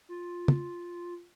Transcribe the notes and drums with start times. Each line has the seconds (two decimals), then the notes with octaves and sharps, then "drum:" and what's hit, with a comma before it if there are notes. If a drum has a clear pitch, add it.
0.09 F4
0.48 drum: tom